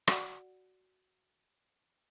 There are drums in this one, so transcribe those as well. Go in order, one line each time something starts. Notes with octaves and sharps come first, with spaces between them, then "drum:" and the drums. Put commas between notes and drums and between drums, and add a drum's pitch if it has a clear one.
F#4 D5 F#5, drum: rim click